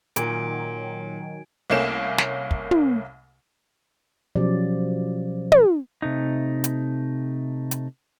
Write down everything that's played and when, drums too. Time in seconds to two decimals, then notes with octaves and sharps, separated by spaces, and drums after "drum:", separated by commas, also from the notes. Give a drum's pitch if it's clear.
0.16 A#2 D#3 F#3 G#5 G#6 D7, drum: hi-hat
1.70 C2 A3 A#3 C#4 E7
2.18 drum: snare
2.51 drum: kick
2.71 drum: tom
4.35 B2 F3 F#3 C#4 G4 D5
5.52 drum: tom
6.02 C3 A3 D#4
6.64 drum: hi-hat
7.71 drum: hi-hat